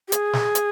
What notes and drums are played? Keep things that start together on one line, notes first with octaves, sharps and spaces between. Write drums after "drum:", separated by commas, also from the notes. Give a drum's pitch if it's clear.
G4
G#4, drum: hi-hat
drum: snare
drum: hi-hat